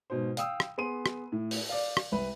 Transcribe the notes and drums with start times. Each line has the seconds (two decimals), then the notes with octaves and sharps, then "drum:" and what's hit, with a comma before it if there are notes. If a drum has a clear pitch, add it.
0.10 G#2 B2 C5
0.37 F5 G5 D#6 E6, drum: hi-hat
0.60 drum: rim click
0.78 B3 G#4 C6 D#7
1.06 drum: rim click
1.32 A2
1.51 drum: open hi-hat
1.69 D5 F5
1.97 drum: rim click
2.12 C2 B4